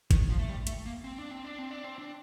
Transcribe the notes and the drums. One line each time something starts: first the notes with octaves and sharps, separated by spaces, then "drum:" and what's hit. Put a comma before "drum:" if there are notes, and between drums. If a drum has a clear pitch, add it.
D#3, drum: kick, hi-hat
F3
A3
G3
A3, drum: hi-hat
A#3
C4
D4
C4
D4
C4
D4
C4
D4